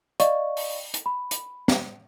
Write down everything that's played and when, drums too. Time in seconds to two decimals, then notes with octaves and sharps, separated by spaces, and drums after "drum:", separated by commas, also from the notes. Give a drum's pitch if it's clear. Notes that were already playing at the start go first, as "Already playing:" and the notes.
0.20 D5 D#5 F5 C#6, drum: hi-hat
0.57 drum: open hi-hat
0.94 drum: hi-hat
1.06 B5
1.31 drum: hi-hat
1.68 drum: snare